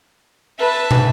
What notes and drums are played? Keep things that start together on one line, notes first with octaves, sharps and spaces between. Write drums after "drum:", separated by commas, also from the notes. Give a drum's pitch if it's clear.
B4 E5 A5
drum: tom